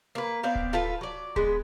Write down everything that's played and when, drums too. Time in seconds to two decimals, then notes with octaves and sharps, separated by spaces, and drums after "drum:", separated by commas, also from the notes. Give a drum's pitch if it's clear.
0.15 A#3 B4
0.43 B3 C4 D5 F5
0.55 drum: kick D1
0.73 F4 A4 B4
1.01 F#3 D5
1.36 G#3 B3 B4, drum: kick D1